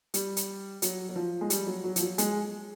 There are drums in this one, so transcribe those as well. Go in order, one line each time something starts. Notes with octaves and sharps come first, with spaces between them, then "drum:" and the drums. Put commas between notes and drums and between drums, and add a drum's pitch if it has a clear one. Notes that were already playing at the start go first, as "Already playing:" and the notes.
G3, drum: hi-hat
drum: hi-hat
F#3, drum: hi-hat
F#3
F3
G#3
G3, drum: hi-hat
F#3
F#3
F3, drum: hi-hat
F#3
G#3, drum: hi-hat